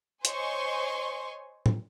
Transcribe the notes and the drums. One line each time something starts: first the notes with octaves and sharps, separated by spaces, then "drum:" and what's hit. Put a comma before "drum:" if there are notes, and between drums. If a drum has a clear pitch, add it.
C5 C#5 D#5 G#5 C6 C#6, drum: hi-hat
drum: tom A2